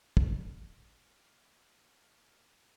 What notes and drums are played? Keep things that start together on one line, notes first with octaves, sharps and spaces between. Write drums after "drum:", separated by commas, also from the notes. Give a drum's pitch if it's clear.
A#3 F6, drum: kick